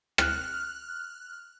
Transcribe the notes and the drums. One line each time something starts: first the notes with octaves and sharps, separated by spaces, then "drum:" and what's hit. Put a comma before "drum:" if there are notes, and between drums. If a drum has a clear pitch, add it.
F6 F#6, drum: rim click